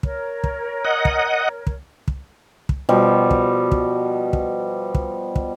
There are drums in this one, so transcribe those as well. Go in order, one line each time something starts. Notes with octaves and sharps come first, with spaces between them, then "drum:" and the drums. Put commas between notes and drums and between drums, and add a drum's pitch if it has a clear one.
A#4 C#5, drum: kick
drum: kick
D#5 F#5
drum: kick
drum: kick
drum: kick
drum: kick
B2 F3 G3
drum: kick
drum: kick
drum: kick
drum: kick
drum: kick